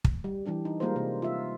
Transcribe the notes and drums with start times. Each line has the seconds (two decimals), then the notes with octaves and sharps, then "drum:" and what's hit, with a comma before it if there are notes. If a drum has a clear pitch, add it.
0.04 drum: kick
0.24 G3
0.46 E3 G3 D4 G4
0.65 D#4
0.80 G3 G#3 A#3 F4 A#4 C5
0.96 C3 A#3
1.22 F4 E5